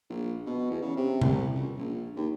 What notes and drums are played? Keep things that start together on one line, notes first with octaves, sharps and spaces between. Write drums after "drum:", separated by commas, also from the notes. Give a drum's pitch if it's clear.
A#1
B2
E2
C#3
C3
C2, drum: tom C3
C#2
A#1
D#2